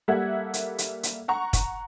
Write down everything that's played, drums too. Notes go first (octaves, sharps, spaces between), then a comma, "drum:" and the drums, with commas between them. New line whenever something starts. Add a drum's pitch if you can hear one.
G3 A#3 A4 E5 F#5 G#6
drum: hi-hat
drum: hi-hat
drum: hi-hat
F#5 A#5 C#6
drum: kick, hi-hat